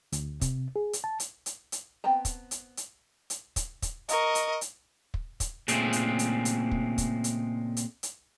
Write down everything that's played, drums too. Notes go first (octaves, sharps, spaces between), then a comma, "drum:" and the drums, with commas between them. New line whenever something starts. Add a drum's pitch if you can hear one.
D2, drum: hi-hat
C3, drum: kick, hi-hat
G#4
drum: hi-hat
A5
drum: hi-hat
drum: hi-hat
drum: hi-hat
B3 C4 G5 A5 A#5
drum: kick, hi-hat
drum: hi-hat
drum: hi-hat
drum: hi-hat
drum: kick, hi-hat
drum: kick, hi-hat
A#4 D#5 C#6, drum: hi-hat
drum: hi-hat
drum: hi-hat
drum: kick
drum: kick, hi-hat
A#2 C#3 G#3 A3 C4, drum: hi-hat
drum: hi-hat
drum: hi-hat
drum: hi-hat
drum: kick
drum: kick, hi-hat
drum: hi-hat
drum: hi-hat
drum: hi-hat